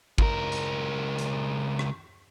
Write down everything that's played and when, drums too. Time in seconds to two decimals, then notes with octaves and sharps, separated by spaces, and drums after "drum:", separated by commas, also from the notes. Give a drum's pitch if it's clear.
0.18 C#2 A#4, drum: kick G#1
0.52 drum: tambourine
1.19 drum: hi-hat
1.79 drum: rim click